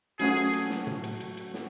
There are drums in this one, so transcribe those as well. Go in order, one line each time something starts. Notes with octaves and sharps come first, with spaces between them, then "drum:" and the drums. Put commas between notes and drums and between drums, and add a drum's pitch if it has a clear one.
F#3 A3 C#4 F#4 G#4, drum: hi-hat
drum: hi-hat
drum: hi-hat
drum: snare
drum: tom A2
drum: hi-hat
drum: hi-hat
drum: hi-hat
drum: snare